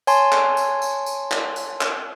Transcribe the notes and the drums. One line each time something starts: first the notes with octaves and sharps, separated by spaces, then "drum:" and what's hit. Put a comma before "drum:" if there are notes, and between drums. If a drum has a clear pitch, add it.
C#5 G#5 A5 C6, drum: tambourine
drum: clap
drum: tambourine
drum: tambourine
drum: tambourine
drum: clap
drum: tambourine
drum: clap